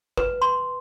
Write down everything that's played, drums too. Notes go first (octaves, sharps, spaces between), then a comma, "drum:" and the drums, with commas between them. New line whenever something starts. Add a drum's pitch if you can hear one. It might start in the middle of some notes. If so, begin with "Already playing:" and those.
B4, drum: kick G#1
C6